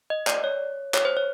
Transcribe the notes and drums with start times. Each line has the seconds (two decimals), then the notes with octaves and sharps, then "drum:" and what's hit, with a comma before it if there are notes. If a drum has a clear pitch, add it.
0.10 D#5
0.27 D5, drum: clap
0.44 C#5
0.94 C#5, drum: clap
1.05 C5
1.17 C#5